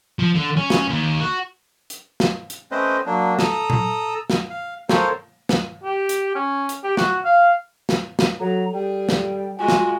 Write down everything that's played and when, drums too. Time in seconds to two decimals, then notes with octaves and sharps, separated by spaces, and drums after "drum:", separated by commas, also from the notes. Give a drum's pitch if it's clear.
0.19 F3
0.35 D3
0.56 C#4
0.70 drum: snare
0.88 D#2
1.21 F#4
1.90 drum: hi-hat
2.20 drum: snare
2.50 drum: hi-hat
2.71 A3 C4 C#4 B4 C5 D#5
3.06 F#3 A#3 D4
3.39 A4 A#5 D#6 E6, drum: snare
3.70 drum: tom A#2
4.30 drum: snare
4.50 F5
4.89 C4 A4 A#4 C5 C#5 F5, drum: snare
5.49 drum: snare
5.84 G4
6.09 drum: hi-hat
6.35 C#4
6.69 drum: hi-hat
6.84 G4
6.97 F#4, drum: snare
7.25 F5
7.89 drum: snare
8.19 drum: snare
8.40 F#3 A4 A#5
8.73 G3 G#4 G5
9.09 drum: snare
9.59 G#3 F4 F#4 G#5
9.68 drum: snare